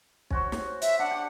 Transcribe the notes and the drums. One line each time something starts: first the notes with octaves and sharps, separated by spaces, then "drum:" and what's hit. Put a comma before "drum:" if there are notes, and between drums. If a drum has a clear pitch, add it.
C#4 F#4 C5, drum: kick
drum: snare
E5, drum: hi-hat
D4 F#5
G4